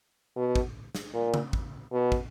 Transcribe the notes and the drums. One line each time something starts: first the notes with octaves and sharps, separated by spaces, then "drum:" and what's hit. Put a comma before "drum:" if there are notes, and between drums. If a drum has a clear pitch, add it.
B2
drum: kick
drum: snare
A#2
drum: tom C#3
drum: kick
B2
drum: kick